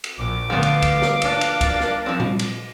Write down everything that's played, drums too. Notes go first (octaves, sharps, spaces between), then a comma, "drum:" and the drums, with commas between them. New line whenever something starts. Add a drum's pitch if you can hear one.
drum: cymbal
A#1 D6
D3 F3 A3 B3 F5
drum: cymbal
drum: kick C#2, cymbal
drum: snare
A#3 D4, drum: cymbal
drum: cymbal
drum: kick C#2, cymbal
drum: snare
F3 C4
drum: tom A#2
drum: cymbal